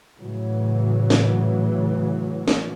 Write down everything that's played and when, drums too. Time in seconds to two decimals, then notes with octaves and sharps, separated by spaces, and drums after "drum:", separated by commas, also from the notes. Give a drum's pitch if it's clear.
0.19 A2 C#3 E3 F#3
1.10 drum: snare
2.48 drum: snare